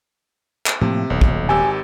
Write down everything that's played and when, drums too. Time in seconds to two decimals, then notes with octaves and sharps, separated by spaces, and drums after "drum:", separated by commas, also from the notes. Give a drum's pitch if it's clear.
0.66 drum: clap
0.81 A2 C3 F3 A#3
1.10 D#1 B1
1.21 drum: kick
1.49 G#1 G4 G#5 E6